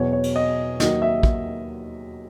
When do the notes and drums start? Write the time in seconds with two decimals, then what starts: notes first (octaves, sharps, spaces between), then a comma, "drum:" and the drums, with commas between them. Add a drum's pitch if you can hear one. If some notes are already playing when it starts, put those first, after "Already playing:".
Already playing: E2 B2 F#3 C#5
0.13 C#5
0.24 drum: cymbal
0.36 D#5
0.80 D#2 D#3 F#3 D#5, drum: snare
1.02 E5
1.23 drum: kick